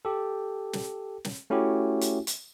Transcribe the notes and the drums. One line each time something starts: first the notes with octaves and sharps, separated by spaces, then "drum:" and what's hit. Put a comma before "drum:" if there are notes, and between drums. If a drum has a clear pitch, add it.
G4 A4
drum: snare
drum: snare
A3 C#4 E4 F#4 G4
drum: hi-hat
drum: hi-hat